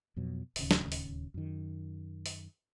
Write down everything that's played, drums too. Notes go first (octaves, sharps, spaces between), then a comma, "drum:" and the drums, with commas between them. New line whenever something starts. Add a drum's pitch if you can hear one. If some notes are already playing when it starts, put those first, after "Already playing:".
F2 B2 F#3
D1 D#2 C#3, drum: open hi-hat
drum: snare
drum: open hi-hat
F#2 D#3
drum: open hi-hat